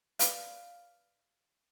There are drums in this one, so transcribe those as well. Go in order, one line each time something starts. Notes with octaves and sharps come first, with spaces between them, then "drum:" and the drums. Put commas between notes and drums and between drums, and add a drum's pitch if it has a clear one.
B4 D5 F5, drum: hi-hat